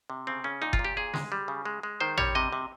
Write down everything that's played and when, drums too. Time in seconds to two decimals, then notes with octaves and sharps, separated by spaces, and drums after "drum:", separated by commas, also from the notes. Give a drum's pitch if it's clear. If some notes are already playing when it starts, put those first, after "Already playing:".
0.10 C3
0.27 C#3 C4
0.44 C#3 C#4
0.62 A#2 D#4
0.73 F4, drum: kick F#1
0.79 A#2
0.85 G4
0.97 A#2 G#4
1.14 G#3, drum: snare
1.32 G3
1.48 C#3
1.65 G#3
1.83 G#3
2.01 D#3 C5
2.18 G3 C#5, drum: tom
2.35 C3 D#5
2.53 C3